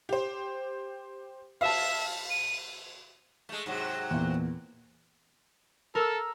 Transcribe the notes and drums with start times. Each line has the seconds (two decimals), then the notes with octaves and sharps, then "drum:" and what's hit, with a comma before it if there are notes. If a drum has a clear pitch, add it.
0.09 G4 C5
1.61 E5 F5 A5, drum: cymbal
2.30 D#7
3.49 G#3 A3
3.66 G#2 C3 F#3
4.11 E2 A#2
5.95 A4 A#4 E6